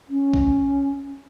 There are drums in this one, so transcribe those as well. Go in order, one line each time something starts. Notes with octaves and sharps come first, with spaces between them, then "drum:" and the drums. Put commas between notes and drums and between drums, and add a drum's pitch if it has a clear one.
C#4
drum: kick